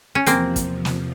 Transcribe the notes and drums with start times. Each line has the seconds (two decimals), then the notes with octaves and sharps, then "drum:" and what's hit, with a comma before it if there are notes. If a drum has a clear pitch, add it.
0.15 C#4
0.26 E2 C3 F3 A#3 C4, drum: hi-hat
0.56 drum: kick, hi-hat
0.85 drum: snare